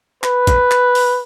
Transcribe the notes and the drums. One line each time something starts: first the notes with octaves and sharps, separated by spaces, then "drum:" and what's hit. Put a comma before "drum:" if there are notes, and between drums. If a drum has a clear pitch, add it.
B4, drum: clap
drum: kick, hi-hat
drum: clap
drum: open hi-hat